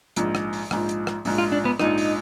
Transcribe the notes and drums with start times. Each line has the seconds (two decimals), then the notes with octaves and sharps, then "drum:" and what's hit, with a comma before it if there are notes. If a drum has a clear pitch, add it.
0.16 A#1 G#2 F3, drum: hi-hat
0.35 drum: rim click
0.53 drum: open hi-hat
0.71 A#1 G#2 F3, drum: rim click
0.89 drum: hi-hat
1.07 drum: rim click
1.25 A#1 G#2 F3, drum: open hi-hat
1.38 F4
1.52 D4
1.65 B3
1.79 A#1 G#2 F3 D#4, drum: rim click
1.98 drum: open hi-hat